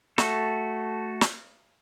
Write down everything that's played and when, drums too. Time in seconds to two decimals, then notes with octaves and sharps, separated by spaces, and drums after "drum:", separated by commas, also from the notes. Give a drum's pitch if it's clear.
0.18 A3 F#4 A4, drum: snare
1.21 drum: snare